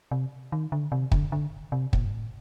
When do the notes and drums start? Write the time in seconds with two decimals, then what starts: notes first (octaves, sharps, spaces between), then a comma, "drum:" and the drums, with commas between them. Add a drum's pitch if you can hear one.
0.11 C3
0.52 D#3
0.72 D3
0.92 C3
1.12 D3, drum: kick
1.32 D3
1.72 C3
1.93 A#2, drum: kick
2.05 G2
2.12 A2